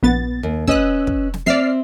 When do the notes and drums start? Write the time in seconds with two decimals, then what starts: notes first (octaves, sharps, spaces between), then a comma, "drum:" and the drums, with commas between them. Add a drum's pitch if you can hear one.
0.03 A#1 B3 A6
0.43 D#2
0.67 C#4 B4 D#5 E6 F#6, drum: kick
1.07 drum: kick
1.34 drum: snare
1.46 C4 D5 E5 F6 C7